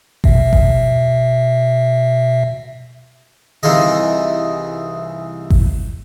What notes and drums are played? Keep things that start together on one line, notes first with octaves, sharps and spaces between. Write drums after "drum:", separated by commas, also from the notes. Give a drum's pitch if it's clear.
B2 E5, drum: kick G#1
drum: kick G#1
C2 E3 D#4 F4 G#4 D#5
drum: kick G#1